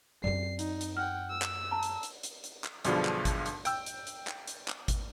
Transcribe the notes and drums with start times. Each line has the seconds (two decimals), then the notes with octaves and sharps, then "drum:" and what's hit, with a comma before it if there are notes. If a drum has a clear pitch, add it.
0.24 F#2 C4 D5 C7
0.59 D#4, drum: hi-hat
0.81 drum: hi-hat
0.97 F#5 G5 F6
1.30 E6
1.42 drum: clap
1.71 A5 A#5
1.83 drum: hi-hat
2.03 drum: hi-hat
2.23 drum: hi-hat
2.44 drum: hi-hat
2.64 drum: clap
2.85 B1 G2 B2 D3 F3 G#3, drum: hi-hat
3.05 drum: clap
3.25 drum: kick G#1, hi-hat
3.46 drum: hi-hat
3.65 G5 E6, drum: hi-hat
3.86 drum: hi-hat
4.07 drum: hi-hat
4.27 drum: clap
4.48 drum: hi-hat
4.68 drum: clap
4.88 drum: kick G#1, hi-hat